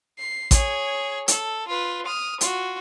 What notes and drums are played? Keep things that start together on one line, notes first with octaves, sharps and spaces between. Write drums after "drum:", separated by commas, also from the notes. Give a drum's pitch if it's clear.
C7
G#4 C#5, drum: kick A1, hi-hat
A4, drum: hi-hat
F4 B4
D#6 F6
F4 F#4, drum: hi-hat